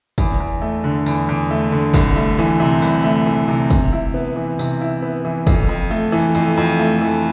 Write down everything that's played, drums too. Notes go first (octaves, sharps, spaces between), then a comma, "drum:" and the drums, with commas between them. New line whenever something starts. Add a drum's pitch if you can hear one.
E2, drum: kick, tambourine
E2
A3
D3
E2, drum: tambourine
E2
A3
D3
C2, drum: kick, tambourine
A3
E3
C3
C2, drum: tambourine
A3
E3
C3
C3, drum: kick, tambourine
E4
B3
E3
C3, drum: tambourine
E4
B3
E3
F2, drum: kick, tambourine
F2
A3
E3
F2, drum: tambourine
F2
A3
E3